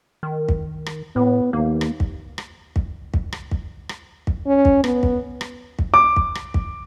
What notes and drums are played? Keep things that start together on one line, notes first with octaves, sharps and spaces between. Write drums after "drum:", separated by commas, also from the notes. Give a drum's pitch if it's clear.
D#3
drum: kick
drum: rim click
A2 B3
D#2 A#3
drum: rim click
drum: kick
drum: rim click
drum: kick
drum: kick
drum: rim click
drum: kick
drum: rim click
drum: kick
C#4
drum: kick
B3, drum: rim click
drum: kick
drum: rim click
drum: kick
D6
drum: kick
drum: rim click
drum: kick